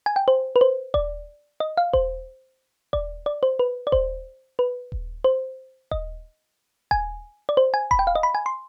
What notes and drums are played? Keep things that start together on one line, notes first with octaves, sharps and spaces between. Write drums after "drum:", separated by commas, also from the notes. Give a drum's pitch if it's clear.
G#5
G5
C5
B4
C5
D5, drum: kick D#1
D#5
F5
C5, drum: kick D#1
D5, drum: kick D#1
D5
C5
B4
D5
C5, drum: kick D#1
B4
drum: kick D#1
C5
D#5, drum: kick D#1
G#5, drum: kick D#1
D5
C5
G#5
B5, drum: kick D#1
G5
F5
D#5
B5
G#5
C6